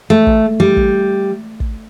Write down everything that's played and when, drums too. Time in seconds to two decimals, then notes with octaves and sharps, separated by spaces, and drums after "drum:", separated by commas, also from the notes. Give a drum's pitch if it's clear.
0.10 A3
0.27 drum: kick
0.60 G3
0.77 drum: kick
1.60 drum: kick